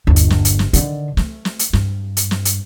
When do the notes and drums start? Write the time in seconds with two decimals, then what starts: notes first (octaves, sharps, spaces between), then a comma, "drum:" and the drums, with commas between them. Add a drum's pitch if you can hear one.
0.07 G1 D#2
0.16 drum: hi-hat
0.30 drum: snare
0.45 drum: hi-hat
0.59 drum: snare
0.73 D3 D#3, drum: hi-hat
1.17 A3, drum: snare
1.45 drum: snare
1.59 drum: hi-hat
1.73 G2, drum: snare
2.17 drum: hi-hat
2.31 drum: snare
2.45 drum: hi-hat